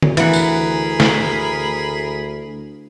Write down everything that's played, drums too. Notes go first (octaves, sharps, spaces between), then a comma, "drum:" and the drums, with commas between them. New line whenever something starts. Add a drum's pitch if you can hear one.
drum: tom D3
D2 E3 G#4 A#4 F#5 B5, drum: hi-hat
drum: tambourine
drum: snare